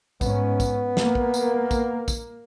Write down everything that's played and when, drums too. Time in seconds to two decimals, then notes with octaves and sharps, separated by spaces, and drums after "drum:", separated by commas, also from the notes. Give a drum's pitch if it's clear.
0.21 G#2 B3 C#4, drum: kick, tambourine
0.60 drum: kick, tambourine
0.97 A#3, drum: snare
1.15 drum: kick
1.34 drum: tambourine
1.71 drum: kick, tambourine
2.08 drum: kick, tambourine